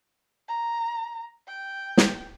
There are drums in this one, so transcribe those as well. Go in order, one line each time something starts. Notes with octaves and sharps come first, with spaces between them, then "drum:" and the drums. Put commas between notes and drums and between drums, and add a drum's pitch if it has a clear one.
A#5
G5
drum: snare